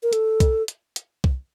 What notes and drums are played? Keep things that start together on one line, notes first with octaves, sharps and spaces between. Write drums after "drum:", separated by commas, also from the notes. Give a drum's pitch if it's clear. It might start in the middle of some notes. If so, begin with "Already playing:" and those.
A#4
A4, drum: hi-hat
drum: kick, hi-hat
drum: hi-hat
drum: hi-hat
drum: kick